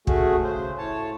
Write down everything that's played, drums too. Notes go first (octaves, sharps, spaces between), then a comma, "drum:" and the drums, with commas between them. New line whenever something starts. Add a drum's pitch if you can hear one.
A3 C#4 F#4 G#4, drum: kick
C#3 C5
A2 C#5 A5